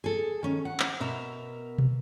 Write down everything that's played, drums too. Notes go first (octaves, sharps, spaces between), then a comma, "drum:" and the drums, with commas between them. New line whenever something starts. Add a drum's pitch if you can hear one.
G#4 A4
D#3 C#4
F#5
drum: clap
B2 A#4 E5 A#5
drum: tom